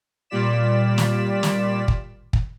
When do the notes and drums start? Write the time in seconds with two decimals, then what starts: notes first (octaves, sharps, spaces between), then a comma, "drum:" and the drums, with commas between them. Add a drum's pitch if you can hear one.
0.30 A#2 G3 F4 D5 B6 E7
0.98 drum: snare
1.43 drum: snare
1.88 drum: kick
2.33 drum: kick